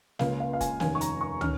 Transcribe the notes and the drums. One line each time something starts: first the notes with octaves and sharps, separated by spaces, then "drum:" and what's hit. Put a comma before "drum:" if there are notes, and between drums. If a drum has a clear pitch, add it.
C#2 C#3 A#3 C#4 F5, drum: snare
F5
F5
G#5, drum: kick F#1, hi-hat
F1 D#2 D#3 C#4 G#5, drum: snare
C#6
A#5, drum: hi-hat
C#6
D#3 C#4 F6, drum: tom